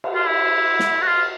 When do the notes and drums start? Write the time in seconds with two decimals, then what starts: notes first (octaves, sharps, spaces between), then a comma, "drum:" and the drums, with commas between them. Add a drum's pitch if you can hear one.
0.04 drum: cymbal
0.15 F4
0.27 E4
0.79 drum: snare
1.01 F#4
1.06 F4